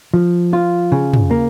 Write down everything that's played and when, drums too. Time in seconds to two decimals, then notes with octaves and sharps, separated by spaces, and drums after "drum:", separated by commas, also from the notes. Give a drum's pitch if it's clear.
0.14 F3
0.53 F4
0.92 C#3
1.13 drum: tom
1.31 A#3